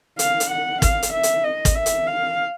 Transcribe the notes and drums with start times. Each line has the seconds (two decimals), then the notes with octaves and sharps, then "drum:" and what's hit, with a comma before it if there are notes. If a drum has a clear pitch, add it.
0.19 F5, drum: hi-hat
0.40 drum: hi-hat
0.50 F#5
0.82 F5, drum: kick, hi-hat
1.03 drum: hi-hat
1.13 E5
1.23 drum: hi-hat
1.44 D#5
1.65 drum: kick, hi-hat
1.75 E5
1.86 drum: hi-hat
2.07 F5